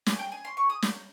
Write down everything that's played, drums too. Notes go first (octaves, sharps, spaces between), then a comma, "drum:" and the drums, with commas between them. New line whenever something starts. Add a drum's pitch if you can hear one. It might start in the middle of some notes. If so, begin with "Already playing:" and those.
C#4 G#5, drum: snare
G5
G#4
G#5
C#4 C6
C#6
G#4
D#6
C#4 G6, drum: snare